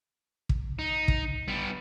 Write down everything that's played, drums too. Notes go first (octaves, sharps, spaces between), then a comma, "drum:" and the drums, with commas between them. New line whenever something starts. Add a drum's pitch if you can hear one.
drum: kick
D#4
drum: kick
G3 B3